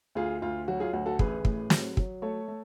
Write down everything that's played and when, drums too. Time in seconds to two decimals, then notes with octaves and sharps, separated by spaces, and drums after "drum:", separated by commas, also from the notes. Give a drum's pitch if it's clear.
0.15 D2 F4 G#4
0.42 D2 F4
0.68 F#3 F#4
0.80 F4 G#4
0.93 D2 F#4
1.06 F#4 A4
1.19 A1 G#4 B4, drum: kick
1.45 A2, drum: kick
1.70 F#3, drum: snare
1.97 F#3, drum: kick
2.22 A3 A4 C#5
2.48 A3